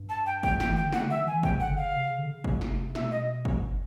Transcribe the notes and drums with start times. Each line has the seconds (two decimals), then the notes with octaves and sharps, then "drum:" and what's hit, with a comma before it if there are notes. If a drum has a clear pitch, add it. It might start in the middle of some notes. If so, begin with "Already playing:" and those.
Already playing: G2
0.09 A5
0.26 G5
0.43 G5, drum: kick
0.60 G5, drum: snare
0.64 E3
0.74 D#3 G5
0.84 D3
0.92 C#3 F#5, drum: snare
1.06 D3 E5
1.18 D#3
1.27 G#5
1.31 E3
1.43 C#3 G5, drum: kick
1.56 C#3 F#5
1.68 D3
1.77 C#3 F5
1.93 C3
2.06 C#3
2.19 D3
2.32 C#3
2.44 C3, drum: kick
2.61 drum: snare
2.95 B2 E5, drum: snare
3.11 D#5
3.45 drum: kick